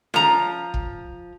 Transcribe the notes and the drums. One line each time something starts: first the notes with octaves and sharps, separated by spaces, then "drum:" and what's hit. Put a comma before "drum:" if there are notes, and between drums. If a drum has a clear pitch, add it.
F3 A#5, drum: snare C#4
drum: kick